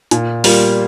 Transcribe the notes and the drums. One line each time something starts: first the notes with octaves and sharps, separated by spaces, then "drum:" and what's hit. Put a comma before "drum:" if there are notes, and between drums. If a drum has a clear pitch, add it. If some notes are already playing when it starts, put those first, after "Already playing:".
A#2, drum: hi-hat
G3 A#3 F4, drum: open hi-hat